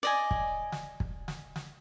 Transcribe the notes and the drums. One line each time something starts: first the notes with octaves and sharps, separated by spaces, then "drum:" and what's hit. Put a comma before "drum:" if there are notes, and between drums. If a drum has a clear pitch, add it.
D5 D#5 G#5
drum: kick
drum: snare
drum: kick
drum: snare
drum: snare